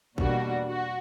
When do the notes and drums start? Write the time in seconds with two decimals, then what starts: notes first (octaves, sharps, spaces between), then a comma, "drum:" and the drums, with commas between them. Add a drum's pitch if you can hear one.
0.18 E2 B2 G3 A#3 D4 F#4, drum: kick G#1
0.66 F#4